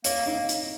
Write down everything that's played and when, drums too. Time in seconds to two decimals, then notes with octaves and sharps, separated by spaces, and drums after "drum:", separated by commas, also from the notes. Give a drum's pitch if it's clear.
0.04 A#3 C#5, drum: hi-hat
0.26 A#3 D#4
0.49 drum: hi-hat